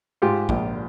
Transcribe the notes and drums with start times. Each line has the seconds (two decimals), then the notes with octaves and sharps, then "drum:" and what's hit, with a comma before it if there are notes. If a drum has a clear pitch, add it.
0.22 G#2 F4 G4
0.49 A#1, drum: kick A1